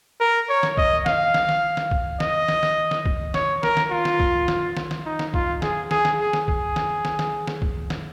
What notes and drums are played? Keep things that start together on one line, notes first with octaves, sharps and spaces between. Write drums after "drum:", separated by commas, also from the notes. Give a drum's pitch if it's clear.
A#4
C#5
drum: snare
D#5, drum: kick
F5, drum: snare
drum: snare
drum: snare
drum: snare
drum: kick
D#5, drum: snare
drum: snare
drum: snare
drum: snare
drum: kick
C#5, drum: snare
A#4, drum: snare
drum: snare
F4
drum: snare
drum: kick
drum: snare
drum: snare
drum: snare
D#4
drum: snare
F4, drum: kick
G#4, drum: snare
G#4, drum: snare
drum: snare
G#4
drum: snare
G#4, drum: kick
drum: snare
drum: snare
drum: snare
drum: snare
drum: kick
drum: snare